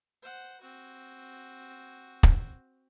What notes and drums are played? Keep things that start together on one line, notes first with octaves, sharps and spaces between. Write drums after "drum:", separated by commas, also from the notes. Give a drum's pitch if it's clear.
C5 F#5
C4 F#4
drum: kick